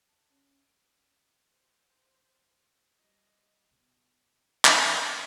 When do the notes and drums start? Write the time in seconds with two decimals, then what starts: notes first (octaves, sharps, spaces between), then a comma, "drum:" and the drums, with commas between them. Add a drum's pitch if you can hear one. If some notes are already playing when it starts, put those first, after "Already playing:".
0.09 A5
0.30 C#4
0.66 D7
1.54 C5
2.97 G3 D#5
3.71 B2
4.65 drum: clap
5.02 C#4